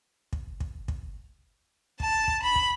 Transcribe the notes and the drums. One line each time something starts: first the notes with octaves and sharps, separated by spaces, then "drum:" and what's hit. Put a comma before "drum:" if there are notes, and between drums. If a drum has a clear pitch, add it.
drum: kick
drum: kick
drum: kick
A5, drum: kick
drum: kick
B5
drum: kick